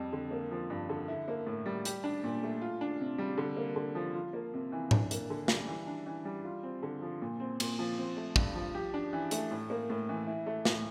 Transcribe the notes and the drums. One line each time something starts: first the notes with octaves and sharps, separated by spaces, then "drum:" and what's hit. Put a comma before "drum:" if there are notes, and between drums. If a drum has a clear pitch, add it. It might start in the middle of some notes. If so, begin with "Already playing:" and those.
Already playing: F2 G3
D3
A#3
F3
G2
D3
E4
A#3
A2
G3
G4, drum: hi-hat
D4
A#2
A3
F4
D4
C3
G3
D3
A#3
D3
F3
F4
A#3
C3
E3
D4, drum: tom G#2
A#3, drum: hi-hat
D3
G3, drum: snare
E3
D4
E3
G3
F4
C4
D3
F3
A#2
C4
A#2, drum: cymbal
F3
C4
A3
G2, drum: kick
F3
G4
D4
E3
A3, drum: hi-hat
A2
A#3
A2
E3
E4
A3
A2, drum: snare